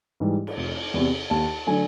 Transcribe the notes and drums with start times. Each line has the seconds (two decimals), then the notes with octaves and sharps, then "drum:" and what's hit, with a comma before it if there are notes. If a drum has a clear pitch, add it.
0.20 G#2 E3 G3
0.47 drum: cymbal
0.57 F1
0.94 E2 C3
1.30 D#2 A5
1.67 D3 F#3 A3 G#5